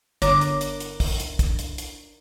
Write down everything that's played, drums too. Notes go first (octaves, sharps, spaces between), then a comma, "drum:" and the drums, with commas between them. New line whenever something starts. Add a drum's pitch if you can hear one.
G1 D4 A#4 C#5 D6, drum: hi-hat
drum: hi-hat
drum: hi-hat
drum: hi-hat
drum: kick, open hi-hat
drum: hi-hat
drum: kick, hi-hat
drum: hi-hat
drum: hi-hat